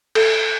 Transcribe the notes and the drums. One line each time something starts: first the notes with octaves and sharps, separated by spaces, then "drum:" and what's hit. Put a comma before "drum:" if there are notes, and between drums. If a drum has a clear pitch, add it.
A4, drum: cymbal